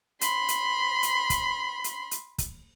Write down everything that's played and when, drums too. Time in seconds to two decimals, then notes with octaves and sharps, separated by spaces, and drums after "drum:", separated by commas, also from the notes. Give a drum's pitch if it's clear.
0.21 B5 C6, drum: hi-hat
0.48 drum: hi-hat
1.03 drum: hi-hat
1.30 drum: kick, hi-hat
1.84 drum: hi-hat
2.11 drum: hi-hat
2.38 drum: kick, hi-hat